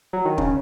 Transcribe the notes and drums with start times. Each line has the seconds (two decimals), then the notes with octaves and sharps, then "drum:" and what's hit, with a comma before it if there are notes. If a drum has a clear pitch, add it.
0.13 F#3
0.25 D#3
0.38 C#3, drum: kick